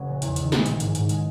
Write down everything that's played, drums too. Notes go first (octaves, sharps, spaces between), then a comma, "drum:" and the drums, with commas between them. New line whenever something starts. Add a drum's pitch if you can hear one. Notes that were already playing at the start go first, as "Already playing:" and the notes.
Already playing: F#1 F#3 C#4
A#1
E2, drum: hi-hat
D#3, drum: hi-hat
A#1, drum: snare
A#2, drum: hi-hat
G#2, drum: hi-hat
G#2, drum: hi-hat
G#3, drum: hi-hat